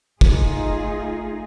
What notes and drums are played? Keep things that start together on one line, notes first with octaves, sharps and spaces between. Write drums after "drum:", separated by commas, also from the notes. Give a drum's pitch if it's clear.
A3 D#4 F4 G#4, drum: kick